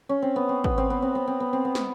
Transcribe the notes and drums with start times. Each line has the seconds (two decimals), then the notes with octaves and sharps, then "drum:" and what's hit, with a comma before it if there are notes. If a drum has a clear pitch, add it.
0.09 C#4
0.22 C4
0.36 B3
0.49 C4
0.64 B3, drum: kick
0.78 C4
0.90 B3
1.02 C4
1.15 B3
1.27 C4
1.40 B3
1.53 C4
1.65 B3
1.75 drum: snare